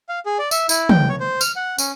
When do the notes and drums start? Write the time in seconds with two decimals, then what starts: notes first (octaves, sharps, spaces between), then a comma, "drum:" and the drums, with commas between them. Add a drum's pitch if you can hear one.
0.09 F5
0.26 G#4
0.39 D5
0.51 E5, drum: tambourine
0.69 E4, drum: tambourine
0.89 G5, drum: tom
1.09 C#5
1.20 C5
1.41 F6, drum: tambourine
1.56 F#5
1.78 C#4, drum: tambourine